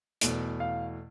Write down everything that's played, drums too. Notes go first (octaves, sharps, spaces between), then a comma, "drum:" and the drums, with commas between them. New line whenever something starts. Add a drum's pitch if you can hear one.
E2 B2 A3, drum: hi-hat
F5